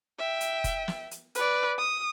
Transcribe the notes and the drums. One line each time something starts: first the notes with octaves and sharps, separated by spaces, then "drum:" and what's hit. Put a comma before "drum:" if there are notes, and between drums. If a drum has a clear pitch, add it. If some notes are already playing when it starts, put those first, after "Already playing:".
E5 G5
drum: hi-hat
drum: kick F1, hi-hat
drum: snare
drum: hi-hat
B4 D5, drum: hi-hat
D#6